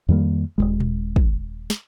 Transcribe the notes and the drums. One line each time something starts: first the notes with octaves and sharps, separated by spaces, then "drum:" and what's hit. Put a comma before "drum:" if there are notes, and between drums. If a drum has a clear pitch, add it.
F2 D#3 G3 A#3
D#1 C#2 G#3
drum: tom A#2
drum: kick
drum: snare